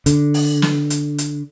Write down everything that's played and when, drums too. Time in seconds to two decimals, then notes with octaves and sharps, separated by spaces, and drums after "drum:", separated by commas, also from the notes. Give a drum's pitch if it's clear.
0.06 D3, drum: hi-hat
0.34 drum: open hi-hat
0.62 drum: snare
0.90 drum: hi-hat
1.18 drum: hi-hat